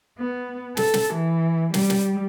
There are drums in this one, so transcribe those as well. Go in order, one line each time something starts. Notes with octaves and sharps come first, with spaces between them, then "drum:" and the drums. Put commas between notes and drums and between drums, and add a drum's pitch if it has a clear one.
B3
A4, drum: snare
drum: snare
E3
G3, drum: snare
drum: snare